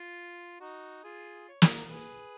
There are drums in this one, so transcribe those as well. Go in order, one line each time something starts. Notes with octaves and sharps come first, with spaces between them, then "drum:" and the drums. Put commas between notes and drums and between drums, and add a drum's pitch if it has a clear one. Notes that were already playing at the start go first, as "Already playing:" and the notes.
Already playing: F4
D#4 F#4
F4 G#4
C#5
B4, drum: snare
A#4
G#4 B4